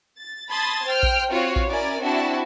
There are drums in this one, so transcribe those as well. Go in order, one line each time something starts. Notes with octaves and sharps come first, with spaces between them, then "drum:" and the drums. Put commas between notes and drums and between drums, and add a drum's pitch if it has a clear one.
A6
A5 B5 C6 D#6 G#6 A6
C5 G5 F6
drum: kick A#1
C4 F4 F#4 C#5 F5
drum: kick A#1
C#4 E4 A#4 D5 G#5
C4 D4 E4 F#4 A5